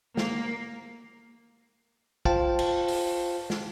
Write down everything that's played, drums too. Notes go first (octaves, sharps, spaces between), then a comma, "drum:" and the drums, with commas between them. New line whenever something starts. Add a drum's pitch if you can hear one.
A#3, drum: snare
F4 C5 F5 G5 A5, drum: kick
drum: cymbal
drum: open hi-hat
drum: snare